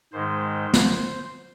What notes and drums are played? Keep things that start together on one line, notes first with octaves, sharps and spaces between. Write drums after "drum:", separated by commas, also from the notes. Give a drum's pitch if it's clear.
G#2 D#3 G#3 C5
drum: snare